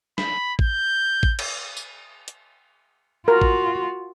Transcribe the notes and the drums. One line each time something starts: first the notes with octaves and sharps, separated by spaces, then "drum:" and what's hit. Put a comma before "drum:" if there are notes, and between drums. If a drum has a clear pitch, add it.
B5, drum: snare
G6, drum: kick A1
drum: kick A1
drum: cymbal
drum: tambourine
drum: hi-hat
F4 F#4 A#4
drum: kick A1